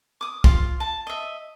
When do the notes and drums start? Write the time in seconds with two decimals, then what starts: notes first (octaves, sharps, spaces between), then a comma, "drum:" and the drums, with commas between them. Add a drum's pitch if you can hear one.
0.21 D6 D#6
0.44 F4, drum: kick
0.80 A5
1.07 D#5 E5